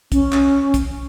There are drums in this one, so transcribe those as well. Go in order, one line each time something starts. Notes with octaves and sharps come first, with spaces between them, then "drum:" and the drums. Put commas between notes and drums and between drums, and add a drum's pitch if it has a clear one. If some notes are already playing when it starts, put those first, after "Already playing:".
C#4, drum: kick, hi-hat
drum: clap
drum: kick, hi-hat